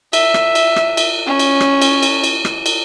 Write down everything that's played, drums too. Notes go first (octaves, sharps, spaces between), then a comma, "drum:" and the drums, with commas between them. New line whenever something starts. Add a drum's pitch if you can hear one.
E5, drum: cymbal
drum: rim click
drum: cymbal
drum: rim click
drum: cymbal
C#4
drum: cymbal
drum: rim click
drum: cymbal
drum: cymbal
drum: cymbal
drum: rim click
drum: cymbal